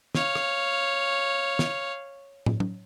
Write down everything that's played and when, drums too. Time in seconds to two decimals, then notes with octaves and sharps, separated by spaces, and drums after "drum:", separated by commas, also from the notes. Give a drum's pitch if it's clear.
0.15 C#5 F5, drum: snare
0.35 drum: rim click
1.59 drum: snare
2.46 drum: tom
2.60 drum: tom F#3